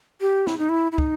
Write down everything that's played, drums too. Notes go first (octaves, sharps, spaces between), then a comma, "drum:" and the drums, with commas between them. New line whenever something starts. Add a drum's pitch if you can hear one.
G4
E4, drum: snare
D#4
E4
E4
D#4, drum: kick